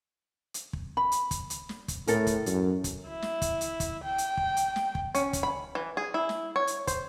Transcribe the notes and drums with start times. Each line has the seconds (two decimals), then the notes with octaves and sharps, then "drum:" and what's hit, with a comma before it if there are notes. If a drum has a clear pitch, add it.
0.54 drum: hi-hat
0.73 drum: kick
0.97 B5
1.12 drum: hi-hat
1.31 drum: kick, hi-hat
1.50 drum: hi-hat
1.69 drum: snare
1.88 drum: kick, hi-hat
2.07 A2 A4 A#4, drum: hi-hat
2.27 drum: kick, hi-hat
2.46 F#2, drum: hi-hat
2.84 drum: kick, hi-hat
3.09 E4
3.22 drum: snare
3.42 drum: kick, hi-hat
3.61 drum: hi-hat
3.80 drum: kick, hi-hat
4.04 G5
4.18 drum: hi-hat
4.37 drum: kick
4.57 drum: hi-hat
4.76 drum: snare
4.95 drum: kick
5.15 C#4, drum: hi-hat
5.33 drum: kick, hi-hat
5.43 B5
5.75 E3
5.97 G#4
6.14 E4
6.29 drum: snare
6.56 C#5
6.67 drum: hi-hat
6.87 C5, drum: kick, hi-hat